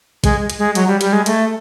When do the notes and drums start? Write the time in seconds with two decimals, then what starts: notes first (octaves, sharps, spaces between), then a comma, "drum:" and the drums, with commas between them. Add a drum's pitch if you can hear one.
0.24 G#3, drum: kick, hi-hat
0.50 drum: hi-hat
0.59 G#3
0.75 F#3, drum: hi-hat
0.87 G3
1.01 G3, drum: hi-hat
1.13 G#3
1.26 A3, drum: hi-hat